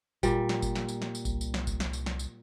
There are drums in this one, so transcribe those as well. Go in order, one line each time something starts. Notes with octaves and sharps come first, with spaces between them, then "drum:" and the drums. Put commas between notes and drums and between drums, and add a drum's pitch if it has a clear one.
A#2 G3, drum: kick G1, tambourine
drum: snare
drum: kick G1, tambourine
drum: snare
drum: tambourine
drum: snare
drum: tambourine
C2, drum: kick G1, tambourine
drum: tambourine
drum: snare
drum: kick G1, tambourine
drum: snare
drum: tambourine
drum: snare
drum: tambourine